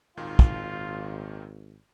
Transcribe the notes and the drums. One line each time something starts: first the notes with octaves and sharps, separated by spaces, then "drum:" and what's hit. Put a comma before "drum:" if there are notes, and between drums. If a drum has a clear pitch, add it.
G#1 D#2 A#2 D#3 F4
drum: kick